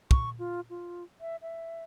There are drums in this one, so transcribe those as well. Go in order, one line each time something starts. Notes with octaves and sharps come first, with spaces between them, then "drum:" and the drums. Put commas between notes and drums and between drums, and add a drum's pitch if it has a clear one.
C#6, drum: kick
F4
F4
E5
E5